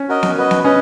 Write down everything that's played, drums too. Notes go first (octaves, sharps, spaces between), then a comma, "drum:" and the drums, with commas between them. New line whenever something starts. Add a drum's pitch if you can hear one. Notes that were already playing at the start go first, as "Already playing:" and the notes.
Already playing: C#4
F#4 A#4 D#5
drum: snare B3
F#4 B4 D#5
drum: snare B3
C#4 B4 D#5